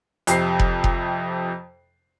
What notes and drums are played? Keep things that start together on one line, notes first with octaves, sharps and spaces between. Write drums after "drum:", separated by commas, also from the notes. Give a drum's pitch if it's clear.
F2 C3 C7, drum: hi-hat
drum: kick F1
drum: kick F1